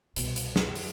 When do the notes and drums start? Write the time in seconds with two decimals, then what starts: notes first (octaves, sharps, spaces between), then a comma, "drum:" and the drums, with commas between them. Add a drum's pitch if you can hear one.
0.16 C2 B2, drum: hi-hat
0.36 drum: hi-hat
0.56 drum: snare
0.75 drum: open hi-hat